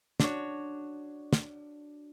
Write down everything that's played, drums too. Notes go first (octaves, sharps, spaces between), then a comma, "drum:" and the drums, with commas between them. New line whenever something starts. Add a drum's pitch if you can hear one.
D4 F#4 C#5, drum: snare
drum: snare